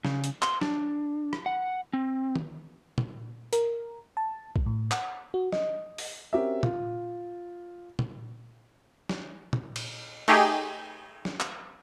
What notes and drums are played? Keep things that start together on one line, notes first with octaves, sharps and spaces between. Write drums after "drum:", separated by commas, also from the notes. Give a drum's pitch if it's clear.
C#3, drum: snare
drum: hi-hat
C6, drum: clap
D4, drum: snare
drum: rim click
F#5
C4
drum: tom D#3
drum: tom A#2
A#4, drum: hi-hat
A5
drum: kick A#1
A2
F#5, drum: clap
F#4
D#5, drum: snare
drum: open hi-hat
C4 C#4 F#4 G4 A#4 E5
F4, drum: tom A#2
drum: tom A#2
drum: snare
drum: tom A#2
drum: cymbal
A3 D#4 G4 G#4, drum: cymbal
drum: snare
drum: clap